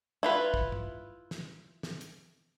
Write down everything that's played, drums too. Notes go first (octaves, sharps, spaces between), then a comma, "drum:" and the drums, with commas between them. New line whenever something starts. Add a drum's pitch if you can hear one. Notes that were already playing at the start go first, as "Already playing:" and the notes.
E4 F4 B4
drum: kick
drum: tom
drum: snare
drum: snare
drum: hi-hat